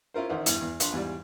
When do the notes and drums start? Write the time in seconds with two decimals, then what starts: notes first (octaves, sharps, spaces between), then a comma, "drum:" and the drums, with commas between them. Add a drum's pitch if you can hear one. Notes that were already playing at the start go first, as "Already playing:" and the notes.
0.14 C#4 E4 F4 A#4 C5
0.29 A1 D#3 C5 E5 F#5
0.46 E2 G2 E3, drum: hi-hat
0.61 E2
0.80 A#1 D4 C6, drum: hi-hat
0.92 E2 G#2 G3 D5